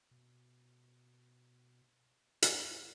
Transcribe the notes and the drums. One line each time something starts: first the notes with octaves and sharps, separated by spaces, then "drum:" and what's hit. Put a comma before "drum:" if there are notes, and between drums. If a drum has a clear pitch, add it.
B2
G2, drum: hi-hat